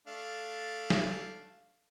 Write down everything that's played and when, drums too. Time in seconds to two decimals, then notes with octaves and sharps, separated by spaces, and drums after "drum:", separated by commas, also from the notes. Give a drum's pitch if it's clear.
0.08 A3 D4 F5
0.90 drum: snare